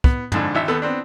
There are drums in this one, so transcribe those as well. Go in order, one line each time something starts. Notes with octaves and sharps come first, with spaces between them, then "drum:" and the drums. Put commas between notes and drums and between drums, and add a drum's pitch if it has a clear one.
B3, drum: kick
F2 G#2 D3, drum: tom
G#1 E5
D#2 B3 A4
B3 C4 D4